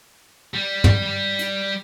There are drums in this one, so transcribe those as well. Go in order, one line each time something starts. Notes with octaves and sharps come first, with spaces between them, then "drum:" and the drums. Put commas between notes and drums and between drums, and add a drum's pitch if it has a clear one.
G3
drum: tom
drum: hi-hat